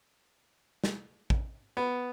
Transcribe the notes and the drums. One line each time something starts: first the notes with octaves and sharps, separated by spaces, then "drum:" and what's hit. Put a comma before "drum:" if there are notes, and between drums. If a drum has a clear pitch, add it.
drum: snare
drum: kick
B3